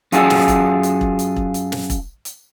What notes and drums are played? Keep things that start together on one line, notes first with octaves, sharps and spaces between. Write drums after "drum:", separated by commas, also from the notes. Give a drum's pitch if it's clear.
F#2 F4 F#4 G#4 A4, drum: hi-hat
drum: snare
drum: kick E1, hi-hat
drum: hi-hat
drum: kick E1
drum: hi-hat
drum: kick E1
drum: hi-hat
drum: snare
drum: kick E1, hi-hat
drum: hi-hat